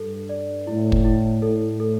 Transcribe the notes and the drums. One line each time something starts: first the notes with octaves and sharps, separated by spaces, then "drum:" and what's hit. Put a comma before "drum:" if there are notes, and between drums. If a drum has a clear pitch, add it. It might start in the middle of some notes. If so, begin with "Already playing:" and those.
Already playing: G2 A4
D5
A2 E4
drum: kick
E4
A2 A4
A4